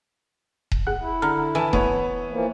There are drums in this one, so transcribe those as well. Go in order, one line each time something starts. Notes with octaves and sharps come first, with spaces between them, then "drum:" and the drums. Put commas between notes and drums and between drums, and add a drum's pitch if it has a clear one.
drum: kick D#1
G#4 F#5 F#6
E4
D3 A#5 F6
E3 G#5 A5
B3 C#5, drum: kick D#1
E3 F3 A#3